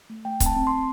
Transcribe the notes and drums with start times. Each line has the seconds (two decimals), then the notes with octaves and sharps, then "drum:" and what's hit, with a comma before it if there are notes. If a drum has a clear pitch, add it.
0.10 A3
0.25 A3 G5
0.40 C4, drum: kick C#1, hi-hat
0.46 A5
0.56 C4
0.67 C4 C6